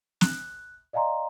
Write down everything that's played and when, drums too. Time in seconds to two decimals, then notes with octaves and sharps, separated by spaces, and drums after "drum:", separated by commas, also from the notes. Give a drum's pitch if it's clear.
0.21 F#6, drum: snare
0.93 D5 D#5 F5 G#5 A#5 C6